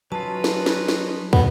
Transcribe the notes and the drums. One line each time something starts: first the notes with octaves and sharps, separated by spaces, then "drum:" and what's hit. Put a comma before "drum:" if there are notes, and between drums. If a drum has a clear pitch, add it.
F#3 C#4 D#4 F4 B4 A5
drum: snare
drum: snare
drum: snare
B2 B3, drum: kick